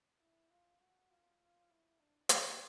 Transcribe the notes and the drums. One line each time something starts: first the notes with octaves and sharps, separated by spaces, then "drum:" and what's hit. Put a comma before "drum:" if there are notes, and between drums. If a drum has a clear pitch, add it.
E4
F4
F#4
F4
F4
E4
D4
D4, drum: hi-hat